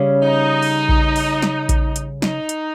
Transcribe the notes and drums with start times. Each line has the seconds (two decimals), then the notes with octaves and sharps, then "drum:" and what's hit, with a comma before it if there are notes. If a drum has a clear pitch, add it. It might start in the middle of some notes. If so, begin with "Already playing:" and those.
Already playing: C#3 G3 C#4
0.22 D#4
0.62 drum: open hi-hat
0.89 drum: kick A#1
1.16 drum: open hi-hat
1.42 drum: snare
1.69 drum: kick A#1, hi-hat
1.96 drum: hi-hat
2.22 D#4, drum: snare
2.49 drum: hi-hat